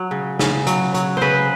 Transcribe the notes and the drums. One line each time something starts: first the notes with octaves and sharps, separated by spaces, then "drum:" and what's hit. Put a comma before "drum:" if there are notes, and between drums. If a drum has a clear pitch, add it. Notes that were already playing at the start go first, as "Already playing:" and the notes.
Already playing: F#3
C#3
C#3, drum: snare
F#3, drum: hi-hat
F#3, drum: hi-hat
C#3 B4 C5